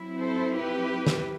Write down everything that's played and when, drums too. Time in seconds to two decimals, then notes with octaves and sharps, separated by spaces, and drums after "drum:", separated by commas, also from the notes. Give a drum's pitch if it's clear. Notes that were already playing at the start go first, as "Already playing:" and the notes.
Already playing: F#3 C4 E4
0.20 A4 C5
0.56 G4 B4
1.07 drum: snare